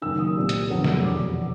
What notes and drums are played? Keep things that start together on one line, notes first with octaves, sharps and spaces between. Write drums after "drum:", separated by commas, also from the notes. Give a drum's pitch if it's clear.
F#1 F#2 D#3 E6
D#6
C2 A#2 G3 C4
drum: hi-hat
F2 D3 F#3 B3
drum: snare
F1 E2 B2 F#3 D6